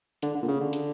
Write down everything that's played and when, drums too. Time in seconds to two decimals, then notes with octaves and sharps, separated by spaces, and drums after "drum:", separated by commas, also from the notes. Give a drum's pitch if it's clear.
0.22 D3, drum: hi-hat
0.35 D3
0.42 A#2
0.48 C#3
0.60 D3
0.73 drum: hi-hat